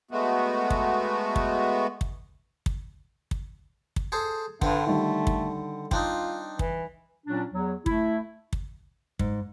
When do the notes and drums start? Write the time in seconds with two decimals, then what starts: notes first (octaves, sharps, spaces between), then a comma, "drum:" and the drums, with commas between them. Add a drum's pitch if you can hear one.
0.11 G#3 A3 B3 F#4
0.70 drum: kick
1.36 drum: kick
2.01 drum: kick
2.66 drum: kick
3.31 drum: kick
3.96 drum: kick
4.12 G#4 A4 C5
4.62 G2 D3 C4 B4, drum: kick
4.87 D#3 G3 A3
5.27 drum: kick
5.91 C4 D4 D#4 F4, drum: kick
6.59 E3, drum: kick
7.26 A#2 F#3 C#4 D4
7.52 E2 F#3
7.86 A3 E4, drum: kick
8.53 drum: kick
9.19 G#2, drum: kick